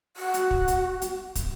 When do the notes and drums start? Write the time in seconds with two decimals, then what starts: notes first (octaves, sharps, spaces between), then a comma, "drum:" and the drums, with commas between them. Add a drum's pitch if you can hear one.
0.17 F#4
0.34 drum: hi-hat
0.51 drum: kick
0.68 drum: hi-hat
1.02 drum: hi-hat
1.35 drum: kick, hi-hat